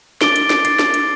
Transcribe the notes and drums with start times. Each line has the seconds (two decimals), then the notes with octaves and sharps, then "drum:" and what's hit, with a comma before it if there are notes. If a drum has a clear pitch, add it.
0.21 D6 A6 D7 G7, drum: snare
0.36 drum: hi-hat
0.50 drum: snare
0.65 D6 A6 C7, drum: hi-hat
0.79 drum: snare
0.94 drum: hi-hat